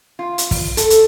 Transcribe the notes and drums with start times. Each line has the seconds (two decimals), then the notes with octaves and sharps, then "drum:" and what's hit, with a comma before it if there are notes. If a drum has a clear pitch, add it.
0.19 F4
0.38 drum: hi-hat
0.51 drum: kick, open hi-hat
0.77 A4, drum: hi-hat
0.90 drum: hi-hat